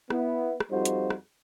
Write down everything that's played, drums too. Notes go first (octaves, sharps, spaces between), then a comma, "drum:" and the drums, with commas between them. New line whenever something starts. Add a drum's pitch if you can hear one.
B3 E4, drum: rim click
drum: rim click
F2 G3 D#4 F4 F#4 C5
drum: hi-hat
drum: rim click